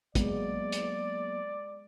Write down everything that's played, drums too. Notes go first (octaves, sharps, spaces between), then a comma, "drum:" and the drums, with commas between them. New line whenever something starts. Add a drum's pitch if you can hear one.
F#3 G#3 A#3 B3 D5, drum: kick A1, hi-hat
drum: hi-hat